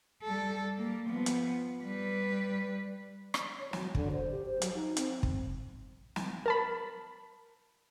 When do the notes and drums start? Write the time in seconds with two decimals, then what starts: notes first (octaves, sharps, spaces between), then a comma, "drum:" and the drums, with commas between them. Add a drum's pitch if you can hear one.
0.23 G3 A4
0.77 G3 A#3
1.09 F3 B3
1.26 drum: hi-hat
1.82 G3 B4
3.34 drum: rim click
3.59 C#5
3.73 F#3, drum: snare
3.95 D3, drum: kick
4.12 C5
4.31 G4
4.46 C5
4.62 F#3, drum: hi-hat
4.75 D#4
4.97 C4, drum: hi-hat
5.23 drum: kick
6.16 drum: snare
6.46 A#4 A5 B5